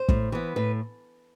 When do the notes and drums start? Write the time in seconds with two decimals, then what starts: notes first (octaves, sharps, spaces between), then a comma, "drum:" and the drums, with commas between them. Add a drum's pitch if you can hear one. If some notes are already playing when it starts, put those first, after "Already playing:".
Already playing: C5
0.09 A2, drum: kick
0.32 E3 B3
0.56 A2 B4